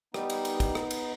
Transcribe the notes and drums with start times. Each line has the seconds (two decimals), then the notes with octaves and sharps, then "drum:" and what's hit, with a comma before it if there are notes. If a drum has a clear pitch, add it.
0.14 G3 B3 D#4, drum: rim click
0.30 drum: cymbal
0.45 drum: cymbal
0.60 drum: kick, cymbal
0.75 drum: rim click
0.91 drum: cymbal